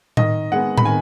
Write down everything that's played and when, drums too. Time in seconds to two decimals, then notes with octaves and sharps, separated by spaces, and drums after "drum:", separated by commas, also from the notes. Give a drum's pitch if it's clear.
0.17 D#3 D#5, drum: tom A2
0.52 G#3 B3 F#5
0.78 B5, drum: tom A2
0.85 D#3 G#5